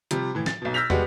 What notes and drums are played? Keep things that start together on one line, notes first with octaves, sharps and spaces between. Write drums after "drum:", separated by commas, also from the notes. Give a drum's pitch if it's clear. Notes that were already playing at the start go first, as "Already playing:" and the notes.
C3 F3 G3, drum: hi-hat
A2 E3
A6, drum: snare
B1 B2
E6 F6 G6 A#6 B6 F7
G3 G#3 B3 F#4 D5, drum: tom